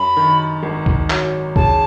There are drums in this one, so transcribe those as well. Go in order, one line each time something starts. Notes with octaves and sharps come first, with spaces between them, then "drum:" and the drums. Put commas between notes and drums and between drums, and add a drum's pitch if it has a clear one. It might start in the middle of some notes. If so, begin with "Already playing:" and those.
Already playing: F#2 B5
D#3
G#1
drum: kick
F#3, drum: clap
C#3 A5, drum: kick